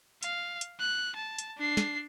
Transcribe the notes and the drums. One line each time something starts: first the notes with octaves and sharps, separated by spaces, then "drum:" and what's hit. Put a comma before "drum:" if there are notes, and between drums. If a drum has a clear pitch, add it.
F5, drum: hi-hat
drum: hi-hat
F#6
A5
drum: hi-hat
D4 C7
drum: snare